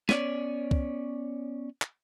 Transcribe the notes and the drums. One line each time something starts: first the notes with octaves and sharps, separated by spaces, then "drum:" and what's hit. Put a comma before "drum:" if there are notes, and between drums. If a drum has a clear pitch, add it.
B3 C#4 C#5 D5, drum: snare
drum: kick
drum: clap